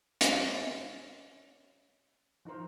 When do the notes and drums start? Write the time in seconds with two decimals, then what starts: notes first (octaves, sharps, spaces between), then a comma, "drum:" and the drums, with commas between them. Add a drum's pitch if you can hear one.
0.21 C#4, drum: hi-hat
2.45 F3 D#4 E4 A#4 C5